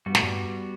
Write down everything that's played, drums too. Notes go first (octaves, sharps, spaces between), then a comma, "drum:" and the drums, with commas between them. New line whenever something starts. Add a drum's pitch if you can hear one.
G2 G3 B3 F#4
A2, drum: snare
G2